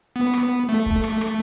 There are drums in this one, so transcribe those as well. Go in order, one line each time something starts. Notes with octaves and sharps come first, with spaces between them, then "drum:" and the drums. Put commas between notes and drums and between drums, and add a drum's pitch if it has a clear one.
B3
drum: rim click
A3
drum: kick
drum: rim click
drum: rim click